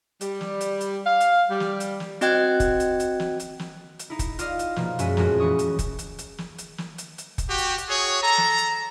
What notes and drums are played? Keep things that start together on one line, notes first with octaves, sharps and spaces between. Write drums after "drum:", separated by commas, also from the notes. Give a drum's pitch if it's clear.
G3, drum: hi-hat
drum: snare
drum: hi-hat
drum: hi-hat
F5
drum: hi-hat
G3
drum: snare
drum: hi-hat
drum: snare
C4 F#4 D#5 G5 F#6 G#6, drum: hi-hat
drum: kick, hi-hat
drum: hi-hat
drum: hi-hat
drum: snare
drum: hi-hat
drum: snare
drum: hi-hat
D#4 E4
drum: kick, hi-hat
F4 D5 D#5 F5, drum: hi-hat
drum: hi-hat
B2 F3 A#3, drum: snare
F#2 G#3 C#4 E5 D#7, drum: hi-hat
F2 A#2 G#3 A3 C#4 F#4, drum: snare
E3 C#4 C#6 D#6
drum: hi-hat
drum: kick, hi-hat
drum: hi-hat
drum: hi-hat
drum: snare
drum: hi-hat
drum: snare
drum: hi-hat
drum: hi-hat
drum: kick, hi-hat
F#4 G4
drum: hi-hat
drum: hi-hat
F#4 G#4 C#5
A4 A#5
drum: snare
drum: hi-hat